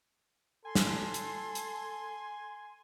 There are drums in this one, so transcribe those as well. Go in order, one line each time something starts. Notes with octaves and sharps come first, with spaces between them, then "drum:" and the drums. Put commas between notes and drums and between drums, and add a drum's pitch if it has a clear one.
A4 G#5 C6
drum: snare
drum: hi-hat
drum: hi-hat